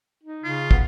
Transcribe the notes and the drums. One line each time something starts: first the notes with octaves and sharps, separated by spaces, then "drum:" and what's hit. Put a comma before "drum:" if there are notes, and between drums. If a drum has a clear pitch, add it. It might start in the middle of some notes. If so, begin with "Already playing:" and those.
D#4
C#3 F4
B3, drum: kick